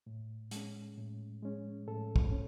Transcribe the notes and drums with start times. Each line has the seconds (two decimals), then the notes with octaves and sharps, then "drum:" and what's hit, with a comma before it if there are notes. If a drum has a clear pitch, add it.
0.07 A2
0.51 G#3 C#4, drum: hi-hat
0.98 A2
1.42 G#3 C#4
1.88 A2 A4
2.16 drum: kick
2.32 C#4